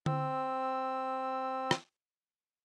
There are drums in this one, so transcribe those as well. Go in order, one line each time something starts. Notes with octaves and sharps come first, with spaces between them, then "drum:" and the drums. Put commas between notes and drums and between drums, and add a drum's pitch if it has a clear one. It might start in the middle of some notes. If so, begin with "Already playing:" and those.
C4 E6, drum: tom D3
drum: rim click